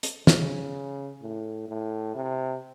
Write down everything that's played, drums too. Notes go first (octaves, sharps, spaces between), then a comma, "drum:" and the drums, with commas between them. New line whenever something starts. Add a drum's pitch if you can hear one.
drum: hi-hat
C#3, drum: snare
A2
A2
C3